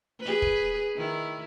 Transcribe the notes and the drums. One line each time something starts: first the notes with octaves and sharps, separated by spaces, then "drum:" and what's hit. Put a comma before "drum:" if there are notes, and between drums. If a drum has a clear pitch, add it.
G#4 B4
drum: kick
D#3 E4